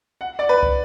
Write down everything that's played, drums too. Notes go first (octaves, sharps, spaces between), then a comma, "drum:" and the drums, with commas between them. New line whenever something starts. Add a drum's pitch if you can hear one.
F#5
D5
B4
drum: kick